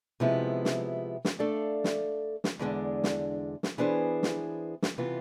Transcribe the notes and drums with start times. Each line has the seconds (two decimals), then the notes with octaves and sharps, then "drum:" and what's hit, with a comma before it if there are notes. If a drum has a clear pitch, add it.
0.20 C3 F3 G#3 B3 E4
0.65 drum: snare
1.25 drum: snare
1.39 A3 D4 A4 D5 F5
1.84 drum: snare
2.44 drum: snare
2.59 E2 D3 G#3 D4
3.04 drum: snare
3.63 drum: snare
3.78 E3 B3 D4 G#4 C5
4.23 drum: snare
4.82 drum: snare
4.98 C3 E3 B3 F4